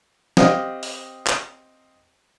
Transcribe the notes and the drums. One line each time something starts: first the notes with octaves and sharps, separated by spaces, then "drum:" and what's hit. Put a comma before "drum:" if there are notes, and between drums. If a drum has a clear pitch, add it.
C4 G4 C5 D#5 F5 F#5, drum: snare
drum: open hi-hat
drum: clap